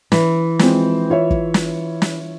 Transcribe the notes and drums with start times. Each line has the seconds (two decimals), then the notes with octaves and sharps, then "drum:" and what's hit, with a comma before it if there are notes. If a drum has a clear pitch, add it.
0.12 E3, drum: snare
0.59 F3 G#3 C4, drum: snare
1.10 F4 C#5 E5
1.30 drum: kick
1.54 drum: snare
2.02 drum: snare